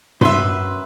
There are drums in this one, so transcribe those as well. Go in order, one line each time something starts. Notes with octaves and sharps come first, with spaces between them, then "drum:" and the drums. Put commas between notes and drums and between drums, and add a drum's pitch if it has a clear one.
F#2 B4 E5 C6, drum: tom G2